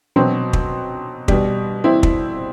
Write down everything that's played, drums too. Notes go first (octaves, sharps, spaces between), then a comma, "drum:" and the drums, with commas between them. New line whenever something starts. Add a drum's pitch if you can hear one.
B2 F#3 C4
drum: kick
B2 G3, drum: kick
C4 E4
drum: kick